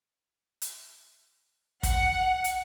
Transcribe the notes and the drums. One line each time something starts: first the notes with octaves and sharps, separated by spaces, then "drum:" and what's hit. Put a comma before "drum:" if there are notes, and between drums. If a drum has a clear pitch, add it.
drum: hi-hat
F#5, drum: kick, hi-hat
drum: hi-hat